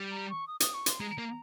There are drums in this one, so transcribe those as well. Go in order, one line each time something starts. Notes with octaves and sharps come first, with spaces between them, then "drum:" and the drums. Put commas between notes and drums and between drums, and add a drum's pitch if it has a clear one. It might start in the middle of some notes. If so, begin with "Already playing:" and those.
Already playing: G3
A#5
C#6
D#6
D#6, drum: hi-hat
C#6
C6, drum: hi-hat
G#3 A#5
A#3